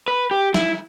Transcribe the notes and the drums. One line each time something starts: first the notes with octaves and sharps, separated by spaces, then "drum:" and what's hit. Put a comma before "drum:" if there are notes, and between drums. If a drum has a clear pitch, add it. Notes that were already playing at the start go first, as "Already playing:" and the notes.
B4
G4
E4, drum: snare